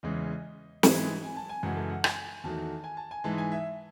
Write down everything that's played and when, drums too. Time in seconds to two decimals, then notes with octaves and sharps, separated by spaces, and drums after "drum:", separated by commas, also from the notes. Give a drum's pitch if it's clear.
0.03 E2 C#3 E3 G#3 D#5
0.83 G#2 E3 G#3, drum: snare
1.24 G#5
1.36 A5
1.49 G#5
1.63 F#2 C#3 E3 G#3 F#5
1.76 A4
1.90 F#5
2.04 G#5, drum: rim click
2.44 E2 D#3 F#3 A3 A5
2.84 G#5
2.97 A5
3.11 G#5
3.24 G#2 E3 G#3 A5
3.38 G#5
3.52 E5